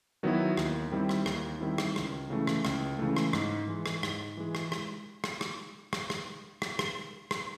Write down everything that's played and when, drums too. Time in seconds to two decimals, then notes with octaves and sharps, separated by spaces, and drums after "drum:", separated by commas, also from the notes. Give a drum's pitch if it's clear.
0.23 D#3 F#3 B3 E4
0.57 D#2, drum: rim click
0.91 D#3 G3 C4 E4
1.09 drum: rim click
1.26 D#2, drum: rim click
1.61 D#3 G3 C4 E4
1.78 drum: rim click
1.96 C#2, drum: rim click
2.30 C#3 E3 A3
2.47 drum: rim click
2.65 C#2, drum: rim click
2.99 C#3 E3 A3
3.17 drum: rim click
3.33 G#2, drum: rim click
3.68 E3 G#3
3.86 drum: rim click
4.03 G#2, drum: rim click
4.37 E3 G#3
4.55 drum: rim click
4.72 drum: rim click
5.24 drum: rim click
5.41 drum: rim click
5.93 drum: rim click
6.10 drum: rim click
6.62 drum: rim click
6.79 drum: rim click
7.31 drum: rim click